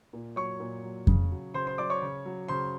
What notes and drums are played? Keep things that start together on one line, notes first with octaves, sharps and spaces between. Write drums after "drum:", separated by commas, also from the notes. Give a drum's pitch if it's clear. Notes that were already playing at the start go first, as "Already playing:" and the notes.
A#2
F#3 C#5 C#6
A#2
F#3
C#3, drum: kick F2
F#3
C#3 C5 C6
C5 C6
F#3 D5 D6
C#5 C#6
C#3
F#3
C#3 C5 C6